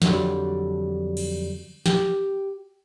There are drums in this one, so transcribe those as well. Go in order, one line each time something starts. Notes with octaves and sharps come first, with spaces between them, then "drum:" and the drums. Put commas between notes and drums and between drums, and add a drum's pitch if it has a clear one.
F2 D3 D#3 F#3 G3, drum: snare
drum: cymbal
G4, drum: snare